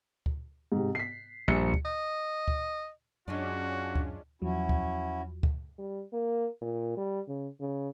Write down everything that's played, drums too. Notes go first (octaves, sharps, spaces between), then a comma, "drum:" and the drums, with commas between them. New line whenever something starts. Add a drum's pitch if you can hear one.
drum: kick D2
G#2 C3
B6 C7
A#1 G2 C#7
drum: kick D2
D#5
drum: kick D2
F#2 G#3 C#4 D4 F4 F#4 D5
drum: kick D2
E2 F3 F#3 C#4 E4 F#4
drum: kick D2
drum: kick D2
G3
A#3
A#2
G3
C#3
C#3